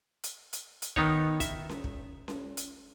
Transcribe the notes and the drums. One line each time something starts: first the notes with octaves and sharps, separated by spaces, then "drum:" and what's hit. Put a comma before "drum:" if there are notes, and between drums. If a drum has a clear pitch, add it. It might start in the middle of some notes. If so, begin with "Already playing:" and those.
drum: hi-hat
drum: hi-hat
drum: hi-hat
D#3 B3 D#4 C#5, drum: kick
E5, drum: kick, hi-hat
drum: snare C#4
drum: kick
drum: snare C#4
drum: hi-hat